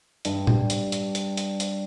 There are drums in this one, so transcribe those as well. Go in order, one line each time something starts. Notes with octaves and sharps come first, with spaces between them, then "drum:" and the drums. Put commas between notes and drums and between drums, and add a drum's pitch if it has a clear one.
G2 G3, drum: hi-hat
drum: tom A2
drum: hi-hat
drum: hi-hat
drum: hi-hat
drum: hi-hat
drum: hi-hat